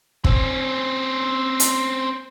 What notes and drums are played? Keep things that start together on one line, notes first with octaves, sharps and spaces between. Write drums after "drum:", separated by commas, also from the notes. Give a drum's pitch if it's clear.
C4 C#4, drum: kick
drum: hi-hat